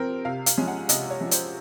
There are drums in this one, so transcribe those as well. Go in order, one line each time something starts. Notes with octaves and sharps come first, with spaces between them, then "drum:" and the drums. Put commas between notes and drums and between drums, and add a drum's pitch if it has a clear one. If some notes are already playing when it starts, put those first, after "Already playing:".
Already playing: F3 C4 A#4
C3 F5
F5, drum: hi-hat
F3 G#3 C#4
F#5
C3 D#5, drum: hi-hat
C#5
F3 G#3 C#4
C5, drum: hi-hat